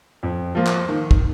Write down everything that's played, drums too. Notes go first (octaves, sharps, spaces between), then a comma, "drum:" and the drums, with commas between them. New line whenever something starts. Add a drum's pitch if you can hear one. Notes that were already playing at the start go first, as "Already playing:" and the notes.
F2
F3 A#3 F4
drum: clap
D#3
drum: kick